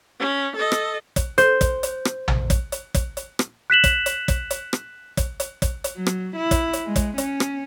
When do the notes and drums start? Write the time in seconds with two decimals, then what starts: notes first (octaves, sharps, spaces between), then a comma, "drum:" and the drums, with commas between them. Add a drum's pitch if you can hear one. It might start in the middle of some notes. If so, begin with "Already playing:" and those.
0.20 C#4
0.56 A4 D#5
0.72 drum: rim click
1.16 drum: kick, hi-hat
1.38 C5, drum: hi-hat
1.61 drum: kick, hi-hat
1.83 drum: hi-hat
2.05 drum: rim click
2.28 drum: tom
2.50 drum: kick, hi-hat
2.72 drum: hi-hat
2.94 drum: kick, hi-hat
3.17 drum: hi-hat
3.39 drum: rim click
3.70 F#6 B6 E7 F#7
3.84 drum: kick, hi-hat
4.06 drum: hi-hat
4.28 drum: kick, hi-hat
4.50 drum: hi-hat
4.73 drum: rim click
5.17 drum: kick, hi-hat
5.40 drum: hi-hat
5.62 drum: kick, hi-hat
5.84 drum: hi-hat
5.95 F#3
6.06 drum: rim click
6.35 E4
6.51 drum: kick, hi-hat
6.73 drum: hi-hat
6.86 G#3
6.96 drum: kick, hi-hat
7.18 C#4, drum: hi-hat
7.40 drum: rim click